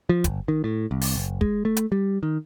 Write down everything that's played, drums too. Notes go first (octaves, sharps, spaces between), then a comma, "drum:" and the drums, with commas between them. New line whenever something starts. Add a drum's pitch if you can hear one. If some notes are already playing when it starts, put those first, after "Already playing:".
F3
G1, drum: kick, hi-hat
D#3
A2
C2
drum: open hi-hat
F#1
G#3, drum: kick
A3
drum: hi-hat
G3
D#3